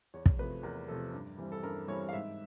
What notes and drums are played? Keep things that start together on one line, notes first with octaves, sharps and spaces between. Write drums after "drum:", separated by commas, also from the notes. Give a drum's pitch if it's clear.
E2 C#5
drum: kick
C3 F3 A3 B4
E2 A#4
C3 F3 A3 A4
G2
E3 G3 C4
A4
G2 A#4
E3 G3 C4 C#5
F5
G#2 E5